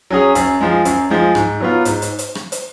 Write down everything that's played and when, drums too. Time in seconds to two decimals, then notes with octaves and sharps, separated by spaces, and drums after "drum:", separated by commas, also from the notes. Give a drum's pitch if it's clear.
0.10 F#3 C#4 G#4
0.35 F#2, drum: hi-hat
0.61 F3 G#3
0.85 F#2, drum: hi-hat
1.10 F3 G#3
1.35 G#2, drum: rim click
1.60 F#3 B3 F4
1.85 G#2, drum: hi-hat
2.02 drum: hi-hat
2.19 drum: hi-hat
2.35 drum: rim click
2.52 drum: hi-hat